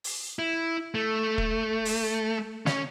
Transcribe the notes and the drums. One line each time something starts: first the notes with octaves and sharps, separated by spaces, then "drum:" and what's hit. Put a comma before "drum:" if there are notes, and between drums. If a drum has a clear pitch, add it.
drum: open hi-hat
E4
A3
drum: kick
drum: open hi-hat
C#4, drum: snare